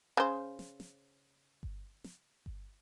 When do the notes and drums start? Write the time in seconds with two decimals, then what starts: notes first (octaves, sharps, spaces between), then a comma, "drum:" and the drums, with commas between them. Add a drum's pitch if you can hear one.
0.17 C#3 C5
0.59 drum: snare
0.80 drum: snare
1.63 drum: kick G1
2.04 drum: snare
2.46 drum: kick G1